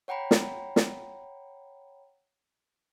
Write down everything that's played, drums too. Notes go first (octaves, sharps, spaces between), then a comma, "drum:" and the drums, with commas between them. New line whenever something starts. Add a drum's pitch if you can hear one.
C#5 F#5 G5 A#5 B5
drum: snare
drum: snare